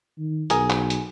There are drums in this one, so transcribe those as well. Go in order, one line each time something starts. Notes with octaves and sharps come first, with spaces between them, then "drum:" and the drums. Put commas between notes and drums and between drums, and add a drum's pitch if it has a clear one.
D#3
B1 G#4 A#4, drum: hi-hat
drum: clap
drum: hi-hat